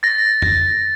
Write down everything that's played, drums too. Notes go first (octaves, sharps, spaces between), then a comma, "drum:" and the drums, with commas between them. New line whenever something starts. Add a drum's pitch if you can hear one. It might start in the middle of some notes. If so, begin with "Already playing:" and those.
A6 A#6
drum: tom F2